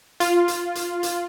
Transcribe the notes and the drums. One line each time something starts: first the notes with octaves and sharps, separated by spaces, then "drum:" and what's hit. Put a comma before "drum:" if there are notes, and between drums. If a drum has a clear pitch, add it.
F4, drum: hi-hat
drum: hi-hat
drum: hi-hat
drum: hi-hat